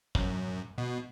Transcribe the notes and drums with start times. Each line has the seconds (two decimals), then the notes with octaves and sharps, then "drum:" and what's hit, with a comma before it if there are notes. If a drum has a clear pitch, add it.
0.15 F#2, drum: kick
0.78 B2